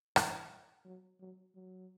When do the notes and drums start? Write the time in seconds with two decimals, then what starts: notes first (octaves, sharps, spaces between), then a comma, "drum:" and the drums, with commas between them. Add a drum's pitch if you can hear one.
0.16 E3, drum: rim click
0.85 F#3
1.20 F#3
1.55 F#3